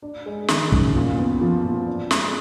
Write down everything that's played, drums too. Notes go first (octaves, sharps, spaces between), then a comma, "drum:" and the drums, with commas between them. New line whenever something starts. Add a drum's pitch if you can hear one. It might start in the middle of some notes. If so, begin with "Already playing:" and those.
D4
G#3
D#3, drum: snare
F#2, drum: kick
A#2
B3
F3
A#2
D4
G#3, drum: snare